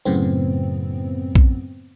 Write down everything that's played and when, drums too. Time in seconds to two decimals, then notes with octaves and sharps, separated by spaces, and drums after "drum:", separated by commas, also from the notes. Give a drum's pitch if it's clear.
0.05 F#2 A2 C#3 B3 C4
1.35 drum: kick